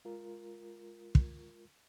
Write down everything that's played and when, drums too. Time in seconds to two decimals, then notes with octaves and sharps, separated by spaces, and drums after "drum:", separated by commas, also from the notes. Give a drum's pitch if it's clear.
0.05 G#3 F4 A#4
1.15 drum: kick